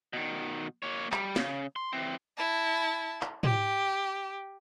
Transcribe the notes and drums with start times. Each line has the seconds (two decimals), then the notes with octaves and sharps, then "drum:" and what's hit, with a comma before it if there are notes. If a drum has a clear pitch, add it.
0.13 B2 D#3
0.83 A#3 C#5
1.12 G3, drum: clap
1.36 C#3, drum: snare
1.76 C6
1.93 E3 C4
2.37 E4 A5
3.21 drum: clap
3.43 G4, drum: tom